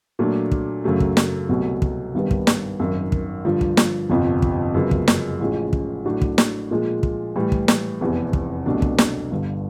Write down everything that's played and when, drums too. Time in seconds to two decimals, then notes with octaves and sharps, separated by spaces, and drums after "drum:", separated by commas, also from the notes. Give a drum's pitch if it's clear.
0.19 A#2 F#3 A3 D4
0.52 drum: kick
0.84 F#2 C#3 F#3 A3
1.00 drum: kick
1.17 drum: snare
1.49 C2 B2 F#3 A3
1.82 drum: kick
2.15 G#1 G2 D#3 G3 B3
2.31 drum: kick
2.47 drum: snare
2.79 G#1 F#2 D#3 F#3
3.12 drum: kick
3.44 G2 D3 F3
3.61 drum: kick
3.77 drum: snare
4.10 G1 F2 C3 F3
4.42 drum: kick
4.74 F#2 C#3 F3 G#3 B3
4.91 drum: kick
5.08 drum: snare
5.40 A1 A2 F3 G#3 C#4
5.73 drum: kick
6.05 A2 F#3 A3 D4 F#4
6.22 drum: kick
6.38 drum: snare
6.71 A#2 F3 G#3
7.03 drum: kick
7.36 A2 E3 G3
7.52 drum: kick
7.68 drum: snare
8.01 F1 E2 C3 E3
8.33 drum: kick
8.66 C2 B2 F#3 A3 D4
8.82 drum: kick
8.98 drum: snare
9.31 G1 G2 D3